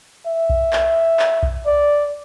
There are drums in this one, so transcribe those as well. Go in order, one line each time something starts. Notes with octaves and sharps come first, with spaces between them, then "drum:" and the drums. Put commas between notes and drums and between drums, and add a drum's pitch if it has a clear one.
E5
drum: kick B1
drum: clap
drum: clap
drum: kick B1
D5